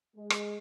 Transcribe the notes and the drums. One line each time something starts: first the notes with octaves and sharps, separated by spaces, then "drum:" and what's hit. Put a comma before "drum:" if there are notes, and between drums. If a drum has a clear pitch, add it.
G#3
drum: rim click